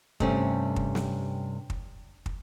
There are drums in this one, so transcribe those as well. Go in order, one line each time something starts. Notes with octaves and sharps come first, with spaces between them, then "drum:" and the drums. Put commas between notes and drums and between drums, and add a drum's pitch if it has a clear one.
G2 C3 A3 C4 C#4, drum: kick
drum: kick
drum: snare
drum: kick
drum: kick